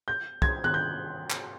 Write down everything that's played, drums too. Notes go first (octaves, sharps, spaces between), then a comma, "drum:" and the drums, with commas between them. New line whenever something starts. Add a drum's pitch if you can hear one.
G6
G#6, drum: kick
F#6, drum: tom D#3
G6
drum: clap